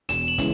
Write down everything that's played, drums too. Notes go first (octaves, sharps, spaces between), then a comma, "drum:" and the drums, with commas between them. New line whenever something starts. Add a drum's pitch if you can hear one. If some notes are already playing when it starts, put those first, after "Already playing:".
E1 E7, drum: hi-hat
F#7
C#3 E3 G#3, drum: kick, hi-hat